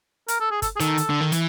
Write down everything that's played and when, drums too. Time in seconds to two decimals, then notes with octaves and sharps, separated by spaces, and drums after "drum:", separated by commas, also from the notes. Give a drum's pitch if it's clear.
0.28 A#4, drum: hi-hat
0.40 A4
0.51 G#4
0.62 A4, drum: kick G1, hi-hat
0.76 G#4
0.80 D#3 A4, drum: hi-hat
0.98 drum: hi-hat
1.10 D3
1.21 D#3
1.32 E3, drum: hi-hat